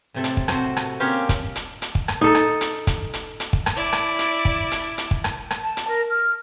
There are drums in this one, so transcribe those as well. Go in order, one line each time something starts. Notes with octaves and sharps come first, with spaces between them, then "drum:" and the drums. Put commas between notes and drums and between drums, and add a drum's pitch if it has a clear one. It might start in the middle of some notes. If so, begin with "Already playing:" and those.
A2 C3 A4
drum: hi-hat
drum: kick
C3 C4 F#4 C5, drum: rim click
drum: rim click
A#3 C4 C#4 G4 C#5 F5
drum: kick, hi-hat
drum: hi-hat
drum: hi-hat
drum: kick
drum: rim click
D#4 A4
drum: rim click
drum: hi-hat
drum: kick, hi-hat
drum: hi-hat
drum: hi-hat
drum: kick
drum: rim click
E4 D5
drum: rim click
drum: hi-hat
drum: kick
drum: hi-hat
drum: hi-hat
drum: kick
drum: rim click
drum: rim click
A5
drum: hi-hat
A#4
F6